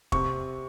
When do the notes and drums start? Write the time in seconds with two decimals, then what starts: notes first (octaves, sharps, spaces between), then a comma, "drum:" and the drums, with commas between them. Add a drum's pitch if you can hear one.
0.12 C3 C#6, drum: kick F1